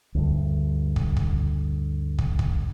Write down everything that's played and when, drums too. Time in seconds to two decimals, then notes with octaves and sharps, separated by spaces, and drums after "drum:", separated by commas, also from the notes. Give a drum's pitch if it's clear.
0.15 D2 G2
0.96 drum: kick
1.17 drum: kick
2.19 drum: kick
2.39 drum: kick